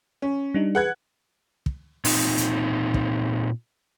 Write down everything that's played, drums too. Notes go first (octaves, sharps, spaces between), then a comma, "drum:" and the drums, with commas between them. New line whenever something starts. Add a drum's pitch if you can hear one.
C#4
G3 D4 D#4
G#4 B4 F#5 F#6 G#6
drum: kick
A#2 C4 D#4, drum: open hi-hat
drum: hi-hat
drum: kick